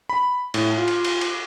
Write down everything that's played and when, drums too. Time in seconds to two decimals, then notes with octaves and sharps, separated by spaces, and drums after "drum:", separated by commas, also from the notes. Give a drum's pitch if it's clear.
0.09 B5
0.54 A2, drum: cymbal
0.78 F4
0.88 drum: cymbal
1.05 drum: cymbal
1.21 drum: cymbal